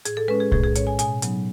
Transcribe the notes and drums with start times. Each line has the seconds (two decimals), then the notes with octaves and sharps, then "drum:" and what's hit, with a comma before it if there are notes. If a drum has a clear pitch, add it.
0.05 A2 G#4, drum: hi-hat
0.17 A4
0.28 G#3 C#4 B4
0.40 G#4
0.52 A2 G#4, drum: kick
0.64 G#4
0.75 G#3 C#4 C#5, drum: hi-hat
0.87 G#5
0.99 B2 G#5, drum: hi-hat
1.22 F#3 B3 D#4, drum: hi-hat